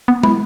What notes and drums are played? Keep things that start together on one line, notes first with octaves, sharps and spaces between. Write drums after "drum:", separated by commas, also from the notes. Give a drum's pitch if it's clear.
B3
B5, drum: tom